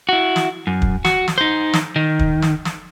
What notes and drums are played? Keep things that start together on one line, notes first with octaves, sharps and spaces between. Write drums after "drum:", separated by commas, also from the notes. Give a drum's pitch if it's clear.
E4 F#4
drum: snare
F#2
drum: kick
F#4, drum: snare
drum: snare
D#4 C5
drum: snare
D#3
drum: kick
drum: snare
drum: snare